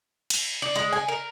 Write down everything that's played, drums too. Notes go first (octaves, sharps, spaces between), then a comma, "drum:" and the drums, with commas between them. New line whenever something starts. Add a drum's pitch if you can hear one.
drum: cymbal
D5
G#3
G#5
A#4